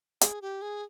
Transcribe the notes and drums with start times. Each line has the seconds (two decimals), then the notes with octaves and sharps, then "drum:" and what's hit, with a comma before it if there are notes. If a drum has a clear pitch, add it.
0.21 G#4, drum: hi-hat
0.42 G4
0.62 G#4